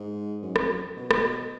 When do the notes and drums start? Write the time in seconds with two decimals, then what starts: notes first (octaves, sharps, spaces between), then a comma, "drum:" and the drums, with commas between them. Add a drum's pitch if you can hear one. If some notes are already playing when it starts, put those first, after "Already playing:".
Already playing: G#2
0.42 F#2
0.56 F2, drum: rim click
0.69 F#2
0.97 B2
1.11 drum: rim click